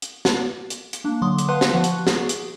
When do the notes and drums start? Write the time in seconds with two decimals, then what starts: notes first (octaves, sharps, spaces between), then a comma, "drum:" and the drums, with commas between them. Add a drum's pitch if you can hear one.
0.02 drum: hi-hat
0.25 drum: snare
0.70 drum: hi-hat
0.93 drum: hi-hat
1.04 A#3 D4
1.22 D3 F#3 C6 D6 D#6
1.39 drum: hi-hat
1.48 B4 F5 F#5 A5 C6 F#6
1.61 drum: snare
1.73 F3 F#5 C#6 F#6
1.84 drum: hi-hat
2.07 G#4, drum: snare
2.29 drum: hi-hat